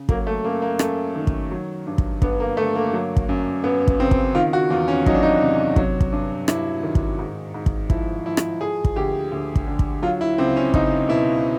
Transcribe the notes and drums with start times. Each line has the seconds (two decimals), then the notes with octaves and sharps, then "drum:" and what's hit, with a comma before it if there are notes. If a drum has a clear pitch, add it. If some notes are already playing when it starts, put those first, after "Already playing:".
Already playing: C#3
0.09 F#3 A#3, drum: kick
0.27 A3
0.44 F#2 A#3
0.62 A#3
0.79 F#2 A3, drum: rim click
1.15 D#3
1.27 drum: kick
1.51 F#3
1.87 G2
1.98 drum: kick
2.22 G2 B3, drum: kick
2.40 A#3
2.57 D3 A3
2.75 A#3
2.93 F#3
3.17 drum: kick
3.29 F#2
3.64 F#2 B3
3.88 drum: kick
3.99 C#3 C4
4.11 drum: kick
4.35 D#3 F4
4.53 F#4
4.70 E2 F4
4.88 C#4
5.06 F#3 D#4, drum: kick
5.15 D4
5.23 D#4
5.41 C3
5.76 F#3, drum: kick
6.01 drum: kick
6.12 G2
6.48 G2 E4, drum: rim click
6.83 D#3
6.95 drum: kick
7.19 G#2
7.54 G#2
7.66 drum: kick
7.90 F3 E4, drum: kick
8.25 F3 E4
8.37 drum: rim click
8.61 F3 G#4
8.85 drum: kick
8.96 D2 G4
9.32 D2
9.56 drum: kick
9.67 D3
9.79 drum: kick
10.02 F#3 F4
10.21 E4
10.38 C#2 C4
10.56 C#4
10.74 C#2 D#4, drum: kick
11.09 B2 E4